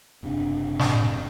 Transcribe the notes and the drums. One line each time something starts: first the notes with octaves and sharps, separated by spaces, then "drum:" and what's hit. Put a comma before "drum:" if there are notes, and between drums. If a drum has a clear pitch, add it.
F#1 C3 D4
drum: snare